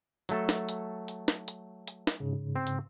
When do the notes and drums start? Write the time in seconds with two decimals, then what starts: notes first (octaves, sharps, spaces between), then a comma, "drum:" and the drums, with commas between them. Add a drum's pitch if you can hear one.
0.29 F#3 A3 A4, drum: hi-hat
0.49 drum: snare
0.69 drum: hi-hat
1.08 drum: hi-hat
1.28 drum: snare
1.48 drum: hi-hat
1.87 drum: hi-hat
2.07 drum: snare
2.20 G#2 C#3
2.56 C4
2.67 drum: hi-hat